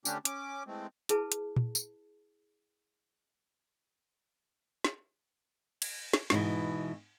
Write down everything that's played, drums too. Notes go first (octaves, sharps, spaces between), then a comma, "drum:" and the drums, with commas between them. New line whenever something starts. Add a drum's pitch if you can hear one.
D3 A3 C#4 D4 G4, drum: tambourine
C#4 D6, drum: hi-hat
E3 G#3 A3 C4
E4 G#4 B4 A5, drum: hi-hat
drum: hi-hat
drum: tom A#2
drum: tambourine
drum: snare
drum: cymbal
drum: snare
G#2 B2 E3, drum: snare